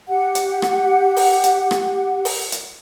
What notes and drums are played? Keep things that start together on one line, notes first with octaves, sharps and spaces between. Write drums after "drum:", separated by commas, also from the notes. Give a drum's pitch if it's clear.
G4 F#5
drum: hi-hat
drum: rim click
drum: open hi-hat
drum: hi-hat
drum: rim click
drum: open hi-hat
drum: hi-hat